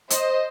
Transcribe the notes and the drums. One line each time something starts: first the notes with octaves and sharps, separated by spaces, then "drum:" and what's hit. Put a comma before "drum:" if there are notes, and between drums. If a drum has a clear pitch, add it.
C5 D#5, drum: hi-hat